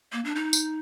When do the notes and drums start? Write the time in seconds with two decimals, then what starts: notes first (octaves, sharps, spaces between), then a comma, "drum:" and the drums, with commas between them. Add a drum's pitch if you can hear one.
0.12 A#3
0.25 D4
0.36 D#4
0.53 drum: tambourine